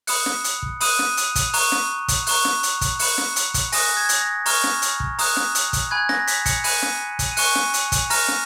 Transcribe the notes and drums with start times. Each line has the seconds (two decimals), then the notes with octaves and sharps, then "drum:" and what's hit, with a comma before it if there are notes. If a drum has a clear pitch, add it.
0.07 B5 D#6 F#6 C#7, drum: open hi-hat
0.26 drum: snare
0.44 drum: hi-hat
0.63 drum: kick
0.81 B5 D#6 F#6 D#7, drum: open hi-hat
0.99 drum: snare
1.17 drum: hi-hat
1.35 drum: kick, hi-hat
1.54 A#5 C#6 F#6, drum: open hi-hat
1.72 drum: snare
2.08 drum: kick, hi-hat
2.27 A#5 C#6 F#6, drum: open hi-hat
2.45 drum: snare
2.63 drum: hi-hat
2.81 drum: kick, hi-hat
2.99 B5 F#6 C#7, drum: open hi-hat
3.18 drum: snare
3.36 drum: hi-hat
3.54 drum: kick, hi-hat
3.72 G#5 D#6 F#6 A#6, drum: open hi-hat
3.97 G#6
4.09 drum: hi-hat
4.21 A#6
4.46 A#5 C#6 F6, drum: open hi-hat
4.64 drum: snare
4.82 drum: hi-hat
5.00 drum: kick
5.19 A#5 D#6 F#6, drum: open hi-hat
5.37 drum: snare
5.55 drum: hi-hat
5.73 drum: kick, hi-hat
5.91 G#5 B5 F#6 G#6
6.09 A#6, drum: snare
6.27 B6, drum: hi-hat
6.46 C#7, drum: kick, hi-hat
6.64 G#5 B5 F#6 D#7, drum: open hi-hat
6.82 drum: snare
7.19 drum: kick, hi-hat
7.32 D#7
7.37 G#5 C#6 F#6 C#7, drum: open hi-hat
7.55 drum: snare
7.74 drum: hi-hat
7.92 drum: kick, hi-hat
8.10 A#5 F6 A#6, drum: open hi-hat
8.28 drum: snare